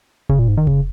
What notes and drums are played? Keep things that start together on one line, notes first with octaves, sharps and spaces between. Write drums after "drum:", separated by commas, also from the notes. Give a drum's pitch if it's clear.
C#3, drum: kick F1
A#2
G#2
D#3
C#3, drum: kick F1